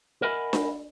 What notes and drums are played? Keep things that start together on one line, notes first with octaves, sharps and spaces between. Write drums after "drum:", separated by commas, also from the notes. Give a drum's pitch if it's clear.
A#4 D#5 E5 F#5 G#5 B5
drum: snare D4